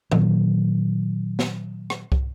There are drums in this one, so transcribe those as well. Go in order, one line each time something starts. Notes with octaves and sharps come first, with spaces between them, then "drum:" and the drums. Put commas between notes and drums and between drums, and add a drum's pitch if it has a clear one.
A#2 D#3 F#3, drum: tom D#3
drum: snare
drum: rim click
drum: kick